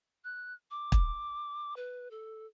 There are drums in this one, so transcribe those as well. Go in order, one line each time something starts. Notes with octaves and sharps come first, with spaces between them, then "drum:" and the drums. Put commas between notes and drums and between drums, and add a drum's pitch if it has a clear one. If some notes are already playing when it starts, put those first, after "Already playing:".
F#6
D6
drum: kick
B4
A4